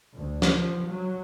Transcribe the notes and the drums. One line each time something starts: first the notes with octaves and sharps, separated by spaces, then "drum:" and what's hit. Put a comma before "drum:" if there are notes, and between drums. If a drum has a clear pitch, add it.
D2
drum: snare
F3
F#3